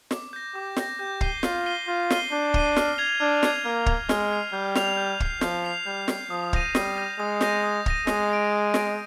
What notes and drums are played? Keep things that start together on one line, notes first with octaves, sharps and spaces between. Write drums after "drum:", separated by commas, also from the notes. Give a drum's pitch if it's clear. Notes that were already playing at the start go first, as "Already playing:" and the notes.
D6, drum: snare
G6 A#6
G4 D6
G6 A#6, drum: snare
G4 G6
C7 D#7 G7, drum: kick
F4 G6, drum: snare
C7 D#7 G7
F4 G6
C7 D#7 G7, drum: snare
D4 G6
C7 D#7 G7, drum: kick
F6, drum: snare
G#6 C7 F7
D4 F6
G#6 C7 F7, drum: snare
A#3 F6
G#6 C7 F7, drum: kick
G#3 F6, drum: snare
G#6 C7 F7
G3 G6
C7 F7, drum: snare
G6
C7 F7, drum: kick
F3 G6, drum: snare
C7 F7
G3 G6
C7 F7, drum: snare
F3 D#6
G6 A#6 D#7, drum: kick
G3 D#6, drum: snare
G6 A#6 D#7
G#3 D#6
G6 A#6 D#7, drum: snare
D#6
G6 A#6 D#7, drum: kick
G#3 D#6, drum: snare
A#6 D7
D#6
A#6 D7, drum: snare